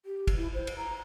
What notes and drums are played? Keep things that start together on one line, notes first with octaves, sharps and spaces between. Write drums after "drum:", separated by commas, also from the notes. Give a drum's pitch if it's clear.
G4
drum: kick, cymbal
E4
C5
drum: cymbal
A#5